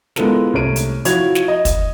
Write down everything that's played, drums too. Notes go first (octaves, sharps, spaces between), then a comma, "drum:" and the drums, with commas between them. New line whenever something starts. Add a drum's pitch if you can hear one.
G#3 B3 E4 F4 A4 A#4, drum: snare
C2 A3 C#5 D7 D#7
drum: hi-hat
F3 E4 F#4 C#5 G#6 F7, drum: hi-hat
drum: snare
D#5
drum: kick, hi-hat